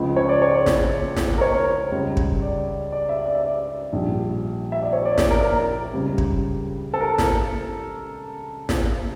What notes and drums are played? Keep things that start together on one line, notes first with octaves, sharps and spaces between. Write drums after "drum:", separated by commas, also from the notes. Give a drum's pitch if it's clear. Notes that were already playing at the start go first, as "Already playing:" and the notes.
Already playing: C#2 C#3 F3
C#5
D5
C#5
drum: snare
drum: snare
A#4
C#5
C#2 C#3 G3
drum: kick
D5
D5
E5
D5
E5
D5
A#1 A#2 G3
E5
D5
C#5
D5
D5, drum: snare
A#4
A#4
C#2 C#3 G3
drum: kick
A4
A#4
drum: snare
drum: snare